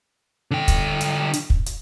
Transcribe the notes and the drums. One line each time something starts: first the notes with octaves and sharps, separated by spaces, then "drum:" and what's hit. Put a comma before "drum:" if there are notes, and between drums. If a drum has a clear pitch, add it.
D3 G5
drum: kick, hi-hat
drum: hi-hat
drum: hi-hat
drum: kick
drum: hi-hat